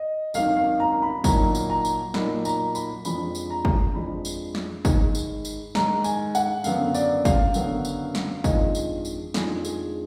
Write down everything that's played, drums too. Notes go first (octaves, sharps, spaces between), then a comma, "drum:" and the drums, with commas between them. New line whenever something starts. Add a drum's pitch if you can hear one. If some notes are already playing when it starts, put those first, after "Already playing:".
Already playing: D#5
G#1 F#2 D#3 F5, drum: tambourine
F5
A#5
B5
B1 A#2 F#3 A#3 D#4 A#5, drum: kick, tambourine
drum: tambourine
A#5
drum: tambourine
B1 A#2 F#3 A#3 D#4 B5, drum: snare
A#5, drum: tambourine
B5, drum: tambourine
F2 F3 G#3 D4 B5, drum: tambourine
drum: tambourine
A#5
drum: kick
F2 F3 G#3 D4 B5
drum: tambourine
drum: snare
G#2 D#3 G#3, drum: kick, tambourine
drum: tambourine
drum: tambourine
G#2 D#3 G#3 A#5, drum: snare
G#5, drum: tambourine
F#5, drum: tambourine
F#1 F#2 D3 F#3 B3 F5, drum: tambourine
D5, drum: tambourine
F5, drum: kick, tambourine
F#1 F#2 D3 F#3 B3, drum: tambourine
drum: tambourine
drum: snare
F2 D#3 G#3 D4 F4 D#5, drum: kick, tambourine
drum: tambourine
drum: tambourine
F2 D#3 G#3 D4 F4 G#4, drum: snare
G#4, drum: tambourine